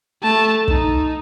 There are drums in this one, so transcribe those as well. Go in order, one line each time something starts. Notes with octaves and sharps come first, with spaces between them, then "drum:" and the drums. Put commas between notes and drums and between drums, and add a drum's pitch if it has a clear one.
A3 A5
D#4, drum: kick